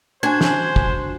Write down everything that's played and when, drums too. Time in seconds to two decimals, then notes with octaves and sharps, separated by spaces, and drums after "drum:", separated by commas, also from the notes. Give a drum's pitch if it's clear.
0.23 D4 F#4 C5 G#5 G#6
0.41 drum: snare
0.76 drum: kick